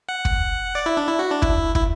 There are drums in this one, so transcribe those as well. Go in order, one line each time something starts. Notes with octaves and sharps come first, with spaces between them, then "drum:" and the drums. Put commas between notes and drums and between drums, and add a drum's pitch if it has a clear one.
F#5
drum: kick
D5
E4
D4
E4
F#4
D4
E4, drum: kick
E4, drum: kick